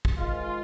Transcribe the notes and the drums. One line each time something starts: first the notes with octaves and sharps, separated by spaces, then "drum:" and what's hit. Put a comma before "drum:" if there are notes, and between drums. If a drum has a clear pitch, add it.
drum: kick
G#2 D#3 G#3 F4